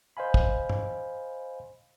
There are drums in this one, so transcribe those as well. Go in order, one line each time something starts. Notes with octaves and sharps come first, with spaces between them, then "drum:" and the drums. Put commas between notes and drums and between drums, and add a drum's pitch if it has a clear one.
C5 D#5 F5 G#5 B5
drum: kick
drum: tom G2